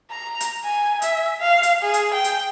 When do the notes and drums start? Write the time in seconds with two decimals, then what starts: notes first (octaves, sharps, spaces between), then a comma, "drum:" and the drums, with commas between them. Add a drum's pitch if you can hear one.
0.11 A#5
0.40 drum: hi-hat
0.65 G#5
1.02 E5, drum: hi-hat
1.40 F5
1.63 drum: hi-hat
1.83 G#4
1.94 drum: hi-hat
2.14 G5
2.24 drum: hi-hat